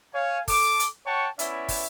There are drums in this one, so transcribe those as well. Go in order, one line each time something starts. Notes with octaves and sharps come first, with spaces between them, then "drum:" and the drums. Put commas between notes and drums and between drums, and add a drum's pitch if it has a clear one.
C#5 F5 G#5
A4 D6, drum: kick, open hi-hat
drum: hi-hat
C#5 F#5 G5 A5 C#6
B3 C#4 E4 C#5 D5 E5, drum: hi-hat
drum: kick, open hi-hat